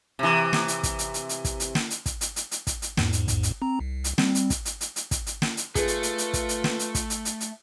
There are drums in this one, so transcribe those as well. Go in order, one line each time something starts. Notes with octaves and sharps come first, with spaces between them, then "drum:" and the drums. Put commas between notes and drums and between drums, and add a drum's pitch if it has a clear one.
C3 E3
drum: snare
drum: hi-hat
drum: kick, hi-hat
drum: hi-hat
drum: hi-hat
drum: hi-hat
drum: kick, hi-hat
drum: hi-hat
drum: snare
drum: hi-hat
drum: kick, hi-hat
drum: hi-hat
drum: hi-hat
drum: hi-hat
drum: kick, hi-hat
drum: hi-hat
E2 G#2, drum: snare
drum: hi-hat
drum: kick, hi-hat
drum: hi-hat
C4 A#5
C2
drum: hi-hat
G3 C4, drum: snare
drum: hi-hat
drum: kick, hi-hat
drum: hi-hat
drum: hi-hat
drum: hi-hat
drum: kick, hi-hat
drum: hi-hat
drum: snare
drum: hi-hat
A3 F4 G#4 B4, drum: kick, hi-hat
drum: hi-hat
drum: hi-hat
drum: hi-hat
drum: kick, hi-hat
drum: hi-hat
drum: snare
drum: hi-hat
drum: kick, hi-hat
drum: hi-hat
drum: hi-hat
drum: hi-hat